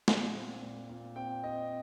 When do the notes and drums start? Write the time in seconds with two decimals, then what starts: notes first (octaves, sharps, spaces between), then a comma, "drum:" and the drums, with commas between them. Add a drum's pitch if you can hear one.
0.08 A#2, drum: snare
0.36 C4
0.63 A#2
0.89 A#2
1.16 C4 G5
1.43 C4 D#5